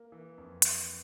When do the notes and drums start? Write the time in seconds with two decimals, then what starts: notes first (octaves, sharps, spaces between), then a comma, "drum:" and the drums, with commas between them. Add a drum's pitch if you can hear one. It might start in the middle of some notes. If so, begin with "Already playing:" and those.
Already playing: A#3
0.12 E3
0.38 F2
0.62 drum: hi-hat